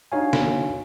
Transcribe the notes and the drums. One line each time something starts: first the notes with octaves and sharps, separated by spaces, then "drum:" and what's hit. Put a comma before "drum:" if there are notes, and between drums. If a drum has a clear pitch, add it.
D4 D#4 F#4 C#5 F5 G#5
drum: snare